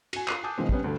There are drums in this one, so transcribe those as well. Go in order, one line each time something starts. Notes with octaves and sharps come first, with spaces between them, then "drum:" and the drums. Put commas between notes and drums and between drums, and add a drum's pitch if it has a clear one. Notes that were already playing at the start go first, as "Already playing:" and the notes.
F#4 G#5, drum: cymbal
F4 A#5 F#6 C7 D#7, drum: clap
G#5 A5 D6 D#6 G6
B2 D#3 F3 G#3 B3 C4
C3 G3 B3 C#4, drum: kick
D2 G2 D3 A4